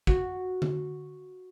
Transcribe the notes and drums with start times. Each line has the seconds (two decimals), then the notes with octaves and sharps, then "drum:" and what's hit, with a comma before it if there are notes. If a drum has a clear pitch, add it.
0.07 F#4, drum: kick
0.62 drum: tom D3